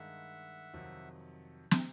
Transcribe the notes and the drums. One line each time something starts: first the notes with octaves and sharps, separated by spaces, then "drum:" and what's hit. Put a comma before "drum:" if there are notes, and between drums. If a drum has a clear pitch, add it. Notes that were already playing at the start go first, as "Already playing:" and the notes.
Already playing: G2 D#3 G#3 E5 F#5
F2 C3 D#3 F#3
drum: snare